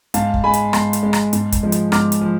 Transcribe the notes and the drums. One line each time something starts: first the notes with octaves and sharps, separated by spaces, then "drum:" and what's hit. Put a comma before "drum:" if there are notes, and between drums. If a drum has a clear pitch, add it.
G#2 F5 A5, drum: hi-hat
drum: kick
G#3 G#5 B5
drum: hi-hat
G#2 A5 C6, drum: rim click
drum: hi-hat
G#3
drum: rim click
G#2, drum: hi-hat
drum: kick, hi-hat
F3 G#3
drum: hi-hat
G#2 D6 F6, drum: rim click
drum: hi-hat
F3